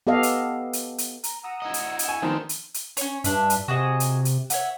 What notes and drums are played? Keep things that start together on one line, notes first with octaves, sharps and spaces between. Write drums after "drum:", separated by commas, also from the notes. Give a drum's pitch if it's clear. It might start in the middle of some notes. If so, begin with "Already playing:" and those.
B3 G4 A4 D#5 F5
drum: hi-hat
drum: hi-hat
drum: hi-hat
A#5, drum: hi-hat
F#5 A#5 D#6 E6
E4 D#5
drum: hi-hat
drum: hi-hat
G#5 C#6
D3 D#3 F3 A3 B3 C4 D#4 C5
drum: hi-hat
drum: hi-hat
C#4 C#5, drum: hi-hat
G2 D4 E5, drum: hi-hat
drum: hi-hat
C3 F#4 G#4 D#5
drum: hi-hat
drum: hi-hat
C#5 E5 F#5, drum: hi-hat